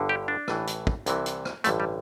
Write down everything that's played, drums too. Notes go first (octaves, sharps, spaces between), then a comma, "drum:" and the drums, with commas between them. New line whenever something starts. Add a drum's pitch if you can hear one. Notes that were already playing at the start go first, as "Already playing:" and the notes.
Already playing: G1 G2 D3
G4
D4
A1 A2 E3, drum: rim click
drum: hi-hat
drum: kick
C2 C3 E3, drum: hi-hat
drum: hi-hat
drum: rim click
A1 G2 D3 A3, drum: hi-hat
G3